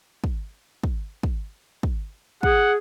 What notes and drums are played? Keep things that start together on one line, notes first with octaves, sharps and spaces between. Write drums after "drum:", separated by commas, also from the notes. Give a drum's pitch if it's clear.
drum: kick
drum: kick
drum: kick
drum: kick
G#4 F#5, drum: kick